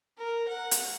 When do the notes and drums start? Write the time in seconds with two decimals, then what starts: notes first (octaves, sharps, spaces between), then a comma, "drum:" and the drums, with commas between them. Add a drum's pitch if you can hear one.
0.18 A#4
0.48 F#5
0.71 drum: hi-hat